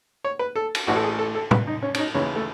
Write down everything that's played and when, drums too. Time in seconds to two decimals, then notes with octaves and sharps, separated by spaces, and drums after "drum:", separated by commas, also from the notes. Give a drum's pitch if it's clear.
0.24 C#5
0.39 B4
0.56 A4
0.75 drum: cymbal
0.87 A1 A2 E3 F#4
0.96 A4
1.04 G#4
1.19 A4
1.35 A4
1.51 B4, drum: tom
1.67 D#4
1.82 C#4
1.94 C#4, drum: cymbal
1.98 D#4
2.14 D#2 C#3 E3 C#4
2.36 A3